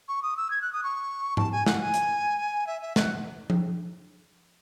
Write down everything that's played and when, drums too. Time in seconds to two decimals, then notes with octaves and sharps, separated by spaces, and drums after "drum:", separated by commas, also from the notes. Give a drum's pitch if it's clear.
0.08 C#6
0.23 D#6
0.37 E6
0.51 G#6
0.62 F#6
0.73 D#6
0.83 C#6
1.37 A5, drum: tom G#2
1.52 G#5
1.66 F#5, drum: snare
1.81 G#5
1.94 drum: hi-hat
2.67 E5
2.82 E5
2.96 F#5, drum: snare
3.50 drum: tom F3